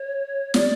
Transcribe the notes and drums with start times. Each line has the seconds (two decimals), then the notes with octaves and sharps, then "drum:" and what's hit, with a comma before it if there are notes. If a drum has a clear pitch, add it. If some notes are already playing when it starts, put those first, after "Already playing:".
Already playing: C#5
0.54 D5, drum: snare